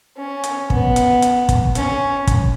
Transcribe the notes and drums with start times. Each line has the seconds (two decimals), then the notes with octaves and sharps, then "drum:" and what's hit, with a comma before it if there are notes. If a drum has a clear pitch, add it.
0.17 C#4
0.44 drum: hi-hat
0.70 B3, drum: kick
0.96 drum: hi-hat
1.22 drum: hi-hat
1.49 drum: kick, hi-hat
1.75 C#4, drum: hi-hat
2.27 drum: kick, hi-hat